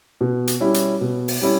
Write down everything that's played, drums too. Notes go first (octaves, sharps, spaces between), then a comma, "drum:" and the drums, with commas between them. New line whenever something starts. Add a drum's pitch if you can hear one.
B2
drum: hi-hat
G3 C#4 E4
drum: hi-hat
B2
drum: open hi-hat
G3 C#4 E4